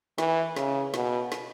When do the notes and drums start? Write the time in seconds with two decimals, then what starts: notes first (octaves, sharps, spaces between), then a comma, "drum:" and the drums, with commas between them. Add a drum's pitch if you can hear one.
0.18 E3, drum: snare
0.56 C#3, drum: snare
0.94 B2, drum: snare
1.32 drum: snare